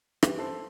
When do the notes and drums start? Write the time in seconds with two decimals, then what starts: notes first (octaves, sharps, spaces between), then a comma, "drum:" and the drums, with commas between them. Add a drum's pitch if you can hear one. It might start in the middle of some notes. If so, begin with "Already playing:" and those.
0.23 G2 E3 B3 G4 B4, drum: rim click
0.39 A4 C5